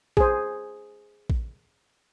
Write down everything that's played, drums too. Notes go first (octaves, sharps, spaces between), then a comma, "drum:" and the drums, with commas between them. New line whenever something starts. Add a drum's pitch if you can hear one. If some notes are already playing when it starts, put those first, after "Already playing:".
G#4 C5, drum: kick
drum: kick